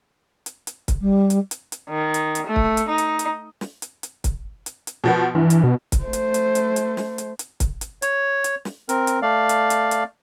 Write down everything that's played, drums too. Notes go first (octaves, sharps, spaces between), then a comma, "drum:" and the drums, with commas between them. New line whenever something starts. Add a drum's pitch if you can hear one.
drum: hi-hat
drum: hi-hat
drum: kick, hi-hat
G3
drum: hi-hat
drum: hi-hat
drum: hi-hat
D#3
drum: hi-hat
drum: hi-hat
A3
drum: kick
drum: hi-hat
D#4
drum: hi-hat
drum: hi-hat
drum: snare
drum: hi-hat
drum: hi-hat
drum: kick, hi-hat
drum: hi-hat
drum: hi-hat
B2 F3 B3
G2 E3
drum: hi-hat
B2
drum: kick, hi-hat
A3 C5
drum: hi-hat
drum: hi-hat
drum: hi-hat
drum: hi-hat
drum: snare
drum: hi-hat
drum: hi-hat
drum: kick, hi-hat
drum: hi-hat
C#5, drum: hi-hat
drum: hi-hat
drum: snare
C4 A#4, drum: hi-hat
drum: hi-hat
A3 D5 F5
drum: hi-hat
drum: hi-hat
drum: hi-hat